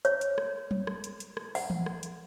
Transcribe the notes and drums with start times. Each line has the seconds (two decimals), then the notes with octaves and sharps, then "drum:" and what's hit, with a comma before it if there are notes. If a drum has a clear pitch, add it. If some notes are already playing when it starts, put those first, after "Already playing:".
0.05 C#5, drum: hi-hat
0.21 drum: hi-hat
0.38 drum: rim click
0.71 drum: tom F#3
0.87 drum: rim click
1.04 drum: hi-hat
1.20 drum: hi-hat
1.37 drum: rim click
1.55 F#5, drum: open hi-hat
1.70 drum: tom E3
1.86 drum: rim click
2.03 drum: hi-hat